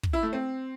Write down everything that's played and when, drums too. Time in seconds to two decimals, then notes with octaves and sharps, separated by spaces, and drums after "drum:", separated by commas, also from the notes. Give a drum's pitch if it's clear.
0.03 drum: kick
0.13 E4
0.23 A3
0.33 C4